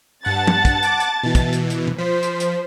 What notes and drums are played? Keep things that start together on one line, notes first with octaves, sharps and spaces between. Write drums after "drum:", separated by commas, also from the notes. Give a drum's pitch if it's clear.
G2 F#5 A5 A6
drum: tom
drum: kick, hi-hat
F#5 D6, drum: hi-hat
drum: hi-hat
B2 E3
drum: kick, hi-hat
drum: hi-hat
drum: hi-hat
drum: tom
F3 C5 B6
drum: hi-hat
drum: hi-hat